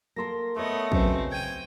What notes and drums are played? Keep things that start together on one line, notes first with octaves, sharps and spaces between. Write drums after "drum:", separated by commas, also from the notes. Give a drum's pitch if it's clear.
A#3 A4 A#4 C6 A#6
A3 B3 B4 C#5 D#5
C#3 F#3 C4 C#4 B4, drum: kick
G5 G#6 D#7